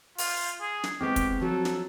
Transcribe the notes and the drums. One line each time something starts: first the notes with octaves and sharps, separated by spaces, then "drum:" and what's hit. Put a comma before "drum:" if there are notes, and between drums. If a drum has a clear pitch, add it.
F4, drum: open hi-hat
G#4
drum: snare
E3 G#3 B3 C4 G4
drum: kick, hi-hat
F3 F#3 F#4 A4
drum: snare